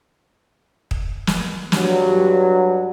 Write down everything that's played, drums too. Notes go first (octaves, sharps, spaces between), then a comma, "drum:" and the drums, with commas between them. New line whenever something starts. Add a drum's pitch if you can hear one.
drum: kick
drum: snare
G2 F#3, drum: snare